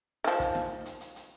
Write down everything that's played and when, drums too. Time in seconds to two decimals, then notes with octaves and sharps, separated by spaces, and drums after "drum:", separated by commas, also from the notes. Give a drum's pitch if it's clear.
0.24 D#3 F3, drum: hi-hat
0.40 drum: kick, hi-hat
0.55 drum: snare
0.85 drum: hi-hat
1.01 drum: hi-hat
1.16 drum: hi-hat